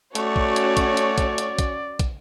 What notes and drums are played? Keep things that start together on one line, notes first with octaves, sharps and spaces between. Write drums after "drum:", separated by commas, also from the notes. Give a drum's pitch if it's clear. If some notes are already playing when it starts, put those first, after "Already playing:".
A3 C#4 F#4 C#5 D5, drum: hi-hat
drum: kick
drum: hi-hat
drum: kick, hi-hat
drum: hi-hat
drum: kick, hi-hat
drum: hi-hat
drum: kick, hi-hat
drum: kick, hi-hat